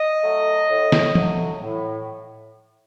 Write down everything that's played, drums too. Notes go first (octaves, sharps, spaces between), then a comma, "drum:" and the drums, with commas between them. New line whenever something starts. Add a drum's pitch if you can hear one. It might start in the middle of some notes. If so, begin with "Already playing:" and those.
Already playing: D#5
F#3 A3
A2
drum: snare
F#3 A3, drum: tom E3
A2